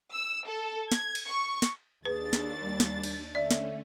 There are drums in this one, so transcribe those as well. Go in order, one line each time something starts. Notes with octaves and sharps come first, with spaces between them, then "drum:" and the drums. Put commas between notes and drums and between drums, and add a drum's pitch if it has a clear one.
E6
A4
G#6, drum: snare
drum: cymbal
C#6
drum: snare
D#2 D4 G#4 B4 A6
drum: snare
G3
drum: snare
drum: cymbal
D3 A3 C#4 D5 E5
drum: snare